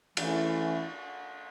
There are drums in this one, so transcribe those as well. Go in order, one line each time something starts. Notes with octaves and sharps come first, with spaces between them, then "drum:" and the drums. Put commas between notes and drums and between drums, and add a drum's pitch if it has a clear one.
E3 A3 C#4 E4, drum: cymbal